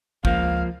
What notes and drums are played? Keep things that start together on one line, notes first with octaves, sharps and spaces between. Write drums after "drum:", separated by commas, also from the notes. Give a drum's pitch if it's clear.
C#2 F3 A#3 F5, drum: kick